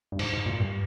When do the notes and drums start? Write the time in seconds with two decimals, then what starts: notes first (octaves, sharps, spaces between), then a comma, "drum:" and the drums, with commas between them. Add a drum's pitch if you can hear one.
0.12 G2
0.19 G#2, drum: cymbal
0.33 G#2
0.46 A#2
0.60 G2